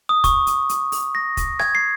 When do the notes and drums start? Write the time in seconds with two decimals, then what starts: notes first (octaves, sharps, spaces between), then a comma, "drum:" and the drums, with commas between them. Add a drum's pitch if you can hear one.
0.09 D#6
0.24 C#6, drum: kick, hi-hat
0.47 drum: hi-hat
0.69 drum: hi-hat
0.92 drum: open hi-hat
1.15 A#6
1.37 drum: kick, hi-hat
1.59 G#6, drum: rim click
1.75 C7